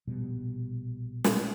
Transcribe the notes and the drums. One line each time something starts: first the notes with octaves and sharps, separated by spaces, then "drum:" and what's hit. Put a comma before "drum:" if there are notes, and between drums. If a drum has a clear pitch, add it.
A#1 B2 G3
drum: snare